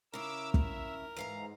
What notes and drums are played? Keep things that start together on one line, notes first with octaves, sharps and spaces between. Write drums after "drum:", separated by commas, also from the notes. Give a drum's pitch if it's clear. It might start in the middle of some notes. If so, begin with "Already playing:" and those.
C#3 E4 A#4 D6 E6
E5, drum: kick
G#2 E3 F5 A#5